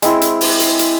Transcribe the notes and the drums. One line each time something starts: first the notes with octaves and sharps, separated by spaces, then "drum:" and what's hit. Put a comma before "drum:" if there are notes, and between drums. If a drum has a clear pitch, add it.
G#3 C4 E4, drum: hi-hat
drum: hi-hat
drum: open hi-hat
drum: hi-hat
drum: hi-hat